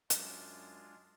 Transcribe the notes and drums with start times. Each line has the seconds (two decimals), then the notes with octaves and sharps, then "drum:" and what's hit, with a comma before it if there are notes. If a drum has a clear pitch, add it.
0.10 F#2 G#3 D4 F4, drum: hi-hat